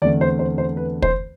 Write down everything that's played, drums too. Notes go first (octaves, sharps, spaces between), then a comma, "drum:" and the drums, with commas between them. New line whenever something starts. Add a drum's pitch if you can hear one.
E2 D3 A3 C4 D5
C5
C5
C5
B4
C5, drum: kick